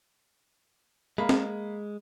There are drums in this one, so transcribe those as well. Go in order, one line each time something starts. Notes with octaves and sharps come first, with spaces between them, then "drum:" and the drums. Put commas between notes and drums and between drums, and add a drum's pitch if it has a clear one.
G#3 A#3 B5
drum: snare